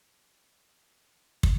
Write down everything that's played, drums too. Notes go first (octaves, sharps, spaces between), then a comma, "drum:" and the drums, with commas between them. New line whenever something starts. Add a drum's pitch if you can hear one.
E4
E2 B2 F#3 F#4
drum: kick